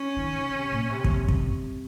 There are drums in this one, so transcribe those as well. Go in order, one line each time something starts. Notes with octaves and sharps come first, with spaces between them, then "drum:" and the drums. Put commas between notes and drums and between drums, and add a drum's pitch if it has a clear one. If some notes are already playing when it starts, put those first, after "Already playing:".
Already playing: C#4
D#3
C#3
C3
A#2
C3
drum: kick
drum: kick